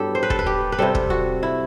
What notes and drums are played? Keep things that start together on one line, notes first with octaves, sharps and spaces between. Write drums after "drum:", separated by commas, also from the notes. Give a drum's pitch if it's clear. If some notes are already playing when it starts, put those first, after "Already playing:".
Already playing: G2 F#3 B3 E4 G4 A4
C5
B4
A4, drum: kick
B4
G4
B4
C3 G3 C4 A4
drum: kick
F#4
E4